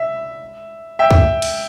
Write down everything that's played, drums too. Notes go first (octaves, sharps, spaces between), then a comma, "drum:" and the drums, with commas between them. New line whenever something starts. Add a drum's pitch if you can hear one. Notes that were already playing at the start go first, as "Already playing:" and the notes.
Already playing: E5
E5 G5
drum: kick C#2
drum: cymbal